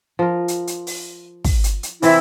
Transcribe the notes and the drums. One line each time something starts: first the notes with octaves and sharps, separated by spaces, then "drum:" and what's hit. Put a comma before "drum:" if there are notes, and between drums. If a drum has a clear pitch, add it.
F3 A#4
drum: hi-hat
drum: hi-hat
drum: open hi-hat
drum: kick, open hi-hat
drum: hi-hat
drum: hi-hat
C3 E3 C4 E4, drum: open hi-hat